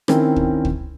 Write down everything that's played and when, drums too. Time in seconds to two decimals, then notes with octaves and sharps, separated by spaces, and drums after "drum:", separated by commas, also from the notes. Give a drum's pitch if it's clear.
0.08 D#3 C4 C#4 E4 A#4, drum: rim click
0.36 drum: kick
0.65 drum: kick